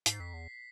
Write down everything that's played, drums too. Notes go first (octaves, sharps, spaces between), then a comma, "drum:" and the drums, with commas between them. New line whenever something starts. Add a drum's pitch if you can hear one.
G#2 C7, drum: hi-hat
F2 B6
E2